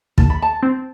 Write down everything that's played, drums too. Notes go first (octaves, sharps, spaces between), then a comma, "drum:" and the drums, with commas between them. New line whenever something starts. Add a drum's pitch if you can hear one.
D#2 A5, drum: kick
B5
A5
C4